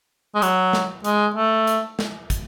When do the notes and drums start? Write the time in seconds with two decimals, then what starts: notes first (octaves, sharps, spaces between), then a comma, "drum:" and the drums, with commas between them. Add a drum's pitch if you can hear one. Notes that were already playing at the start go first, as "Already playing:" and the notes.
0.35 G#3
0.42 F#3, drum: hi-hat
0.73 drum: snare
1.04 G#3, drum: hi-hat
1.36 A3
1.67 drum: hi-hat
1.99 drum: snare
2.30 drum: kick, hi-hat